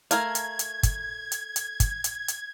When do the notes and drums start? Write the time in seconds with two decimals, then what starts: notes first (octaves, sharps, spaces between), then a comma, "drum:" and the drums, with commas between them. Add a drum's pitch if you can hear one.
0.11 A3 A#4 F5 G#6, drum: hi-hat
0.35 drum: hi-hat
0.59 drum: hi-hat
0.83 drum: kick, hi-hat
1.32 drum: hi-hat
1.56 drum: hi-hat
1.80 drum: kick, hi-hat
2.04 drum: hi-hat
2.28 drum: hi-hat